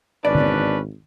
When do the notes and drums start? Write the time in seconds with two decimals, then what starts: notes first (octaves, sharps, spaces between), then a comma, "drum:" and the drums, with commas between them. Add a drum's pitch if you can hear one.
0.25 G#1 C#4 D4 B4 D5
0.35 drum: tom